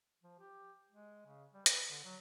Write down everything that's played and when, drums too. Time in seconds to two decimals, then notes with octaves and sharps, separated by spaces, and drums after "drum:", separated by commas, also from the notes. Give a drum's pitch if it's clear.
0.23 F3
0.39 G4
0.89 G#3
1.26 C#3
1.54 G3
1.66 B4, drum: hi-hat
1.88 D3
2.04 F#3